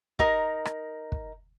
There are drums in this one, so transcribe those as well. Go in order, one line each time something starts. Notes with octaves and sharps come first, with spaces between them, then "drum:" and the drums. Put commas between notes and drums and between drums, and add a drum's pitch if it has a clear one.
D#4 A#4 D#6, drum: kick
drum: rim click
drum: kick